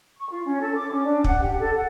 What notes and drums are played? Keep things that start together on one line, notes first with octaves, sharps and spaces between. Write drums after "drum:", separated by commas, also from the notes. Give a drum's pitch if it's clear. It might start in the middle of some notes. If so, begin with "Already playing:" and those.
C#6
F4
C#4
A4
D6
C#4
D4
F#5, drum: kick
G4
A4
F#5